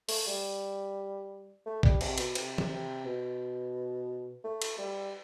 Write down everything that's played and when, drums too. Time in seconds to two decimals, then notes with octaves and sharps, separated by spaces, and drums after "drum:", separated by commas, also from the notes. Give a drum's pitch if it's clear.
0.09 A3, drum: open hi-hat
0.27 G3
1.66 A3
1.83 G3, drum: kick A#1
2.01 C3, drum: cymbal
2.18 B2, drum: cymbal
2.35 C3, drum: cymbal
2.58 drum: tom E3
2.70 C3
3.05 B2
4.44 A3
4.62 drum: cymbal
4.78 G3